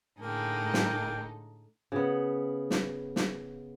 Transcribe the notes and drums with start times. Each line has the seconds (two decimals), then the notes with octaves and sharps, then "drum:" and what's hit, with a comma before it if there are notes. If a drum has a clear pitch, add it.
0.20 A2 D3 G#3 A#3 D#4 A4 G5
0.74 drum: snare
1.92 C#3 B3
2.70 drum: snare
3.16 drum: snare